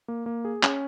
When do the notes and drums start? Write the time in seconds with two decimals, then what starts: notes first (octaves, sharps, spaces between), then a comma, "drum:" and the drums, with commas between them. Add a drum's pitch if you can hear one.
0.08 A#3
0.26 A#3
0.45 G#4
0.63 C#4, drum: clap